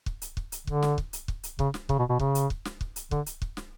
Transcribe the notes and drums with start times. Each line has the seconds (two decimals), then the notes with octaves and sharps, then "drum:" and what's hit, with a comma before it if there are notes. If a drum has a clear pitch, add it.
0.06 drum: kick
0.22 drum: hi-hat
0.37 drum: kick
0.52 drum: hi-hat
0.67 D3, drum: kick
0.83 drum: snare
0.98 drum: kick
1.13 drum: hi-hat
1.28 drum: kick
1.43 drum: hi-hat
1.59 C#3, drum: kick
1.74 drum: snare
1.89 C#3, drum: kick
1.99 B2
2.09 B2
2.19 C#3, drum: kick
2.35 drum: hi-hat
2.50 drum: kick
2.65 drum: snare
2.81 drum: kick
2.96 drum: hi-hat
3.11 D3, drum: kick
3.26 drum: hi-hat
3.42 drum: kick
3.57 drum: snare